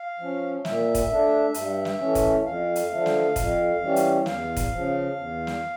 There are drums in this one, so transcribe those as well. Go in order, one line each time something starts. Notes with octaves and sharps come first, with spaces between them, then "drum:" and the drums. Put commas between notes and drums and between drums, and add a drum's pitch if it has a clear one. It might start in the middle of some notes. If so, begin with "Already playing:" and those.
Already playing: F5
F3 C#4
A#2 E5, drum: snare
drum: kick, hi-hat
A3 D4
G2, drum: hi-hat
drum: snare
E3 A3 C#4
drum: kick, hi-hat
F2 F5
drum: hi-hat
D3 F3 A3
drum: snare
F2, drum: kick, hi-hat
E3 G3 C#4
drum: hi-hat
E2 F5, drum: snare
drum: kick, hi-hat
C#3 F3
E2
drum: snare